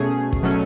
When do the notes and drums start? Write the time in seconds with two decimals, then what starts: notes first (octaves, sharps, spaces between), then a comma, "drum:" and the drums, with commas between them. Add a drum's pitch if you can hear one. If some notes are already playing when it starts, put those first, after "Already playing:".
Already playing: B2 A3 C#4 G#4
0.32 drum: kick
0.43 B2 F#3 A3 C#4